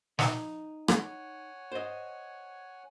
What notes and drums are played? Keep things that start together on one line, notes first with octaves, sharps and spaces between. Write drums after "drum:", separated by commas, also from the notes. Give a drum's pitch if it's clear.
D#4, drum: snare
C#5 F#5 G#5, drum: rim click
C5 D#5